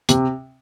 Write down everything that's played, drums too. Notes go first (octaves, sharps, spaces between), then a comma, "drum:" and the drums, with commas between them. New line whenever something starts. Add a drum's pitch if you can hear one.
C3, drum: hi-hat